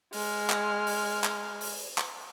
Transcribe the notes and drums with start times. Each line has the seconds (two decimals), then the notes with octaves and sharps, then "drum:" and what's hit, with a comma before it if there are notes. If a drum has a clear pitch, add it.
0.13 G#3 F6, drum: open hi-hat
0.50 drum: clap
0.87 drum: open hi-hat
1.24 drum: clap
1.61 drum: open hi-hat
1.98 drum: clap